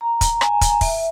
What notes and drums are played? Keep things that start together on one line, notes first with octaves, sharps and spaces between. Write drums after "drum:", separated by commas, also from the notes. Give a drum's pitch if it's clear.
A#5
drum: kick, hi-hat
G#5, drum: rim click
A#5, drum: kick, hi-hat
E5, drum: kick, open hi-hat